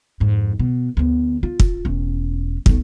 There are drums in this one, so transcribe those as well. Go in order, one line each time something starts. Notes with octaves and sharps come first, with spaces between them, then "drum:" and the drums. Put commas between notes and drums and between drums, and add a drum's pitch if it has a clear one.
F2 G#2
B2
D2 B3
F4
drum: kick
E1 C#4
B1 A3, drum: kick